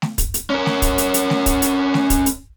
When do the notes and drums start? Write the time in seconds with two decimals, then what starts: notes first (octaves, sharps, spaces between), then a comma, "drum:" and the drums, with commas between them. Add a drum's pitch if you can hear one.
0.02 drum: snare A3
0.18 drum: kick, hi-hat
0.34 drum: hi-hat
0.50 C#4 A#4
0.66 drum: snare A3
0.82 drum: kick, hi-hat
0.98 drum: hi-hat
1.14 drum: hi-hat
1.30 drum: snare A3
1.46 drum: kick, hi-hat
1.62 drum: hi-hat
1.94 drum: snare A3
2.10 drum: kick, hi-hat
2.26 drum: hi-hat